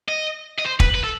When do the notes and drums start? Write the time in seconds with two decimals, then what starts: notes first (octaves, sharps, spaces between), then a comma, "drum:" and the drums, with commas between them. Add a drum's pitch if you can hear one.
0.08 D#5
0.59 D#5
0.66 C5
0.80 B4, drum: kick
0.94 B4
1.03 A4